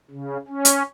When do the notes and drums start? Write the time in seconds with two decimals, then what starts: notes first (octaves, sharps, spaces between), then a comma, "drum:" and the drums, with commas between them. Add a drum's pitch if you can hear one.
0.11 C#3
0.48 C#4
0.65 drum: hi-hat